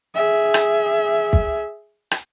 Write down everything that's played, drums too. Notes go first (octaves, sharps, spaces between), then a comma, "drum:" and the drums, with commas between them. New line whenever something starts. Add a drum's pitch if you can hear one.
G#4 E5
drum: rim click
drum: kick
drum: rim click